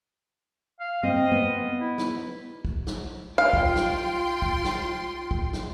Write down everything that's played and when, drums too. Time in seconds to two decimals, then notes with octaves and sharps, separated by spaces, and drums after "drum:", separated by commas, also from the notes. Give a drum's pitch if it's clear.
0.80 F5
1.03 C4 D#5
1.31 B3
1.81 E4
1.98 drum: snare
2.65 drum: kick
2.87 drum: snare
3.38 F4 F5 G5 C6
3.53 drum: kick
3.76 drum: snare
4.42 drum: kick
4.64 drum: snare
5.31 drum: kick
5.53 drum: snare